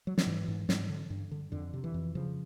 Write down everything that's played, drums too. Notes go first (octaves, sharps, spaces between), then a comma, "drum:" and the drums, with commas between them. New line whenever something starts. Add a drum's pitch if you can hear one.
F#3
F3, drum: snare
G#2 E3
G#2
G#2, drum: snare
D3
G2
D3
F2 D3
C3
E3
F2
C#3 F3